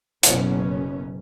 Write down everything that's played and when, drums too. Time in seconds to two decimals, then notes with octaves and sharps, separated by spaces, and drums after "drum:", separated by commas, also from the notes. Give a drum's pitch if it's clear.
0.23 F#1 B2 B3 C#4, drum: hi-hat